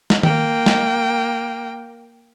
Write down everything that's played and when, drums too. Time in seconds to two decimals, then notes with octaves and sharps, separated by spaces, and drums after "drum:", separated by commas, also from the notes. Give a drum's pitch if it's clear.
0.10 drum: snare
0.23 A#3 G5, drum: tom D#3
0.66 drum: snare